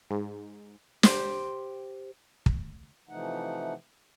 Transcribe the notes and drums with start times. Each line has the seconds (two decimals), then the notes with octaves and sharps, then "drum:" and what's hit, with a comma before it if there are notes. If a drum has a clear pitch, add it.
0.11 G#2
1.03 G4 C5, drum: snare
2.46 drum: kick
3.09 C3 E3 F3 A3 D#4 F#5